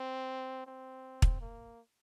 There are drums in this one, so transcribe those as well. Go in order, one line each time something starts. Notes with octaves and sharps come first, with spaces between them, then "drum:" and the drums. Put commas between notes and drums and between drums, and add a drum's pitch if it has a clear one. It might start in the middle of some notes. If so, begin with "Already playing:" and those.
Already playing: C4
C4
drum: kick
A#3